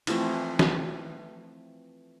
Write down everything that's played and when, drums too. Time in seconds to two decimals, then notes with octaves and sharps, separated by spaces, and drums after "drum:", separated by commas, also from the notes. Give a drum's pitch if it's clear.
0.07 E3 F3 A3 C4, drum: cymbal
0.59 drum: snare